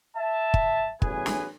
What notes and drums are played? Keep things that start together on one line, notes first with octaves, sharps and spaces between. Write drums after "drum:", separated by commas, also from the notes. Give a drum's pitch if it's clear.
E5 A5
drum: kick
A1 E2 F#3 G#4 B4 G#5, drum: kick
drum: snare